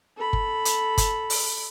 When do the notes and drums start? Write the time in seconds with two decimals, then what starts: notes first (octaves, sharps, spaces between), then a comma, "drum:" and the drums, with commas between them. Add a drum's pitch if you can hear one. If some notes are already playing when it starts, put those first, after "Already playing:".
0.17 A4 B5
0.33 drum: kick G1
0.65 drum: hi-hat
0.98 drum: kick G1, hi-hat
1.30 drum: open hi-hat